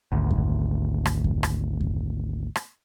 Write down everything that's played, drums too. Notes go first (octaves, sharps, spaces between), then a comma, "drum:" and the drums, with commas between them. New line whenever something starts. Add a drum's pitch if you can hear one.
G#1 D2
drum: kick F2
drum: rim click
drum: kick F2
drum: rim click
drum: kick F2
drum: rim click